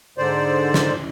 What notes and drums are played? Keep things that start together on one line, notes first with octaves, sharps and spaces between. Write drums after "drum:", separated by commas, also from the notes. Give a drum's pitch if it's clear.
G#2 D3 C5 D5
drum: snare